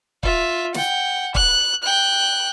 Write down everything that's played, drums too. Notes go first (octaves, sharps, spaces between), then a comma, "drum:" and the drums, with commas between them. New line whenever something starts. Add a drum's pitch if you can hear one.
F4 E5, drum: kick
F#5 G5, drum: snare
F#6, drum: kick
G5 F#6